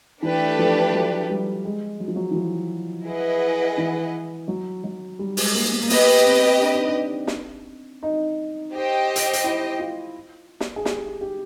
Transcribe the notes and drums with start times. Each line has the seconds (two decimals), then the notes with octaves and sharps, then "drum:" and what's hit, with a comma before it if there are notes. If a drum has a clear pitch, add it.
0.23 E3 A3 D4 G4 B4
0.58 F3
0.93 F#3
1.30 G3
1.65 G#3
2.00 F#3
2.08 F3
2.16 F#3
2.31 E3
2.35 F3
3.06 E4 G#4 B4 D#5 F#5
3.77 E3
4.48 F#3
4.84 F#3
5.19 G3
5.37 G#3, drum: open hi-hat
5.55 A#3
5.72 B3
5.82 A#3
5.90 B3 G4 B4 D#5, drum: open hi-hat
6.25 C4
6.60 D4
6.73 D#4
6.87 D4
7.27 drum: snare
8.03 D#4
8.74 G4 C5 D#5 G5
9.16 drum: hi-hat
9.33 drum: hi-hat
9.44 E4
9.79 F4
10.60 drum: snare
10.76 G#4
10.85 G4, drum: snare
11.21 G4